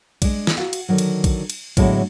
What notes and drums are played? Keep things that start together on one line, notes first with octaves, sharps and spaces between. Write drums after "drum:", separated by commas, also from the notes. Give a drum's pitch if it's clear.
G#3 D4, drum: kick, cymbal
drum: snare
F#4 F5
drum: cymbal
D3 D#3 F#3
drum: cymbal
drum: kick, cymbal
drum: cymbal
A2 D3 F#3 G#3 B3 E4, drum: kick, cymbal